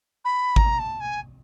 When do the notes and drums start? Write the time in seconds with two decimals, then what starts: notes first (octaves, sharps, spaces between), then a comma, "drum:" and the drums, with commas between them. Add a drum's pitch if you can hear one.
0.24 B5
0.56 A#5, drum: kick G#1
0.78 A5
1.00 G#5